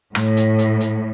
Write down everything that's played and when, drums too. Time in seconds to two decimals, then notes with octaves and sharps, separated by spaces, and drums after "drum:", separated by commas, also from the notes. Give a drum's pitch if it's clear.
0.15 A2, drum: rim click
0.37 drum: hi-hat
0.59 drum: hi-hat
0.80 drum: hi-hat